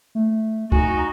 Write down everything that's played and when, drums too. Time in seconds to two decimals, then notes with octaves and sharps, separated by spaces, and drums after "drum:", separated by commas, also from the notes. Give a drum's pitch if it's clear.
0.15 A3
0.72 D#4 F#4 G#5, drum: kick C#2